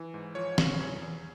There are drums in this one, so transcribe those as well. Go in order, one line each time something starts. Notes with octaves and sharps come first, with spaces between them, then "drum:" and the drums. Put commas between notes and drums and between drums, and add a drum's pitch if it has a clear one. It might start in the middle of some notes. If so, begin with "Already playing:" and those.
Already playing: E3
G#2
F3 C#5
C#3, drum: snare
E2
E2